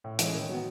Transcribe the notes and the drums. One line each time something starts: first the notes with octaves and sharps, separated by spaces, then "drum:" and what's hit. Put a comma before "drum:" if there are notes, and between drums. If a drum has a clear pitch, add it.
A2
E3 G#3 C#4, drum: hi-hat
D#3
F#3 B3